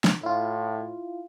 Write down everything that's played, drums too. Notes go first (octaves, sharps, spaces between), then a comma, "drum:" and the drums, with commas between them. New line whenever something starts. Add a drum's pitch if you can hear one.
drum: snare
A2 E4 F4